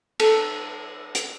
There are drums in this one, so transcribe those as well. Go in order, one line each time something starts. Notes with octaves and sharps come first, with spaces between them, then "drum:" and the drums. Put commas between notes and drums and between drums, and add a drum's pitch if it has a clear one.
A4, drum: cymbal
drum: hi-hat